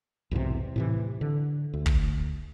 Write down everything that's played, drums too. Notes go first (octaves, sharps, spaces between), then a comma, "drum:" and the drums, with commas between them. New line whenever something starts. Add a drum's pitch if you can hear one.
B1 E2 G#2 C3
A2 C3 E3
D3
D2
drum: kick